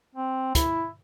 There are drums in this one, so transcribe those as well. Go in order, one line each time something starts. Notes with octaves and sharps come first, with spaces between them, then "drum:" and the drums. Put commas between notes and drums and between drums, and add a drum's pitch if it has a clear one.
C4
E4, drum: kick, hi-hat